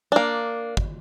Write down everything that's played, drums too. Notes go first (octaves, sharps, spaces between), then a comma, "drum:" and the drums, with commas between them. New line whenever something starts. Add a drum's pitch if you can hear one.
A#3 D4
drum: kick